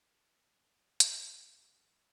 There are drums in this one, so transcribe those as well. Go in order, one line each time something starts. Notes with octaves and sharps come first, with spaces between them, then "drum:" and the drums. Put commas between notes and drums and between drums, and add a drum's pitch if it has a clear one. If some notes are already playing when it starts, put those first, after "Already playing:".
Already playing: E3 G3
D3 F#3
A#2 C#3
C#3
G2 B2
drum: hi-hat
D3
C#3
G2 B2